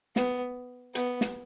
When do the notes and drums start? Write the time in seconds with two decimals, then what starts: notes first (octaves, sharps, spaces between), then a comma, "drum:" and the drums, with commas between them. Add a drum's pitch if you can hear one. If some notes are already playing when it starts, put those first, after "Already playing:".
0.16 B3, drum: snare
0.95 B3, drum: hi-hat
1.21 drum: snare